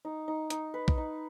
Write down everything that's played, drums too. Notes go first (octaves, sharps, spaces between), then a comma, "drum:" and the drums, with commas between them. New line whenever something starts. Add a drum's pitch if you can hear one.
D#4
D#4
D#4, drum: hi-hat
B4
drum: kick A#1
D#4